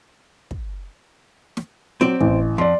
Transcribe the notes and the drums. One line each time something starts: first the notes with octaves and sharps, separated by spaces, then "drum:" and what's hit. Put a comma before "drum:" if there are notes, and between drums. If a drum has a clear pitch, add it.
drum: kick
drum: snare
F#3 C4 D5
A1, drum: kick
F2 D5 C6